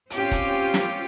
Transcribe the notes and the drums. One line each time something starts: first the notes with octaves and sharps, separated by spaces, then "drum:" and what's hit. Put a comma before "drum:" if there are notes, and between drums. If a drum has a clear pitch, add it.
C4 C#4 F4 G4, drum: hi-hat
drum: kick, hi-hat
drum: snare